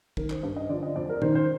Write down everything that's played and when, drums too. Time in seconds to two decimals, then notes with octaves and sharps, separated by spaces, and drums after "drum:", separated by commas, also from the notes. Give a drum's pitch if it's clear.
0.17 D#3 A#4, drum: kick
0.30 C5, drum: clap
0.43 G2
0.56 D#5
0.69 D3 F3 D5
0.83 D#5
0.96 F2 D5
1.09 A#4
1.22 D#3 C5, drum: tom A#2
1.35 C5